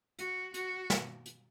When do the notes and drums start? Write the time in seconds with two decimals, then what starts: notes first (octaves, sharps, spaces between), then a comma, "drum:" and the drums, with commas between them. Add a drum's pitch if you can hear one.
0.19 F#4, drum: hi-hat
0.54 F#4, drum: hi-hat
0.90 drum: snare
1.26 drum: hi-hat